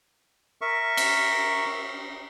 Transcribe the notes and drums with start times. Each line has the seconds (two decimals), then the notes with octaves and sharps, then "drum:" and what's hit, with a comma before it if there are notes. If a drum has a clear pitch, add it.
0.61 A#4 E5 C#6
0.97 drum: cymbal